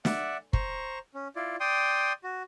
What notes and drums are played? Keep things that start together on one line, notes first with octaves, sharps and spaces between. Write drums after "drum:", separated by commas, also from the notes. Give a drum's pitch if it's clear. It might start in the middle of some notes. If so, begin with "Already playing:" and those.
D5 E5 F#5, drum: snare
C5 A#5 C#6, drum: kick
C#4
E4 F4 D5
D5 G5 C6 D#6
F#4